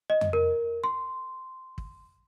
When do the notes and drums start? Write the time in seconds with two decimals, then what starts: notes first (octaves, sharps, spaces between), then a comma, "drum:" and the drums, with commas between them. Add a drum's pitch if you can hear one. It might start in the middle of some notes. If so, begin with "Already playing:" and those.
0.10 D#5
0.21 drum: tom F2
0.33 A#4
0.84 C6
1.78 drum: kick